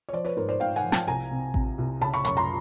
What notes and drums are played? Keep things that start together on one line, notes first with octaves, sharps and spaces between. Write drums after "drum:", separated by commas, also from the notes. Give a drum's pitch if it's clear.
C#5
F3 C5 D5
B4 C#5
G#2 A#4 C5
C5 D5
G#2 F5 G5
F#5 G#5
F3
G5 A5, drum: snare
C2 G#5 A#5
C3
C3, drum: kick A1
C2
C#3 A5 B5
B5 C#6
F#2 B5 C#6, drum: hi-hat
A#5 C6